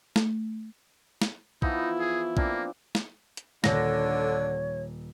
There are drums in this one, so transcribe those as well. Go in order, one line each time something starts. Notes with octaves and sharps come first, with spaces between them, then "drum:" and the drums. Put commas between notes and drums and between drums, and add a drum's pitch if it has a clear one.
A3, drum: snare
drum: snare
E3 F3 B3 D#4 E4, drum: kick
G#4
A#3 C4 D4, drum: kick
drum: snare
drum: hi-hat
D#1 D3 C#5 A#6, drum: snare